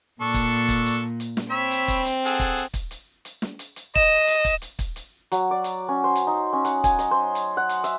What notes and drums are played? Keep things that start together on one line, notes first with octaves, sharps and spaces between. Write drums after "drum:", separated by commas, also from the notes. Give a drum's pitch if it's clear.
A#2 D4 A4 C#6
drum: kick, hi-hat
drum: kick, hi-hat
drum: hi-hat
drum: hi-hat
drum: snare
C4 C#5 E5 B5
drum: hi-hat
drum: kick, hi-hat
drum: hi-hat
G#4 A4 F#5, drum: hi-hat
drum: kick, hi-hat
drum: hi-hat
drum: kick, hi-hat
drum: hi-hat
drum: hi-hat
drum: snare
drum: hi-hat
drum: hi-hat
D#5 E7, drum: kick
drum: hi-hat
drum: kick, hi-hat
drum: hi-hat
drum: kick, hi-hat
drum: hi-hat
F#3, drum: hi-hat
D5
drum: hi-hat
C#4
C5
drum: hi-hat
D#4
C#4
F#5, drum: hi-hat
G#5, drum: kick, hi-hat
D#5, drum: hi-hat
C5
drum: hi-hat
F#5
drum: hi-hat
E5, drum: hi-hat